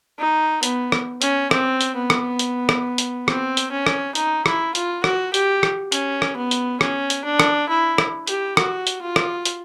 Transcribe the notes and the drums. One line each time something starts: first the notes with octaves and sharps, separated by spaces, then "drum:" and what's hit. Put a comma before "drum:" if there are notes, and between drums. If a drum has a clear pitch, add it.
D#4
B3, drum: hi-hat
drum: rim click
C#4, drum: hi-hat
C4, drum: rim click
drum: hi-hat
B3
drum: rim click
drum: hi-hat
drum: rim click
drum: hi-hat
C4, drum: rim click
drum: hi-hat
C#4
drum: rim click
D#4, drum: hi-hat
E4, drum: rim click
F4, drum: hi-hat
F#4, drum: rim click
G4, drum: hi-hat
drum: rim click
C#4, drum: hi-hat
drum: rim click
B3
drum: hi-hat
C#4, drum: rim click
drum: hi-hat
D4
drum: rim click
E4
drum: rim click
G4, drum: hi-hat
F#4, drum: rim click
drum: hi-hat
F4
drum: rim click
drum: hi-hat